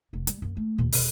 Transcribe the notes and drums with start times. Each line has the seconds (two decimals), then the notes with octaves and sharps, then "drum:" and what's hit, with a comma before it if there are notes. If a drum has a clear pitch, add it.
0.13 F1 C2
0.27 G3, drum: hi-hat
0.42 F#2 A#3
0.57 A3
0.78 D#2 A#2
0.92 E1 B2, drum: open hi-hat